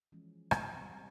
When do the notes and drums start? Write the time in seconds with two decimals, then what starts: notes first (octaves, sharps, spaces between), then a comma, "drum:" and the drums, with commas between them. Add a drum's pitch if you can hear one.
0.12 E3 F3 G#3 C#4
0.51 F#3, drum: rim click
0.76 G3 C4